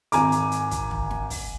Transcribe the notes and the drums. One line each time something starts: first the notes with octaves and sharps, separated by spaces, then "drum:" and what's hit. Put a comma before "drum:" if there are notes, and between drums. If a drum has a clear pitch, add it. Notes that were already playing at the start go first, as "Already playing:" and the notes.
G#1 G#5 A#5 D6, drum: hi-hat
drum: hi-hat
drum: hi-hat
drum: kick, hi-hat
drum: tom
drum: snare
drum: kick, open hi-hat